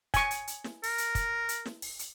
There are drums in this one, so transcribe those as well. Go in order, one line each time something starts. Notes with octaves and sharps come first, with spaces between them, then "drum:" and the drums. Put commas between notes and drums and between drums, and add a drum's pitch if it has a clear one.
G#5 C#6, drum: kick, hi-hat
drum: hi-hat
drum: hi-hat
drum: snare
A#4, drum: open hi-hat
drum: hi-hat
drum: kick, hi-hat
drum: hi-hat
drum: snare
drum: open hi-hat
drum: hi-hat